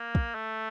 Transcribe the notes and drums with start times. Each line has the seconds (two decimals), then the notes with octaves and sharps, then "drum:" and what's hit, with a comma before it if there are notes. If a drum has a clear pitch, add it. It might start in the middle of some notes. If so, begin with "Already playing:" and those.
Already playing: A#3
0.15 drum: kick
0.35 A3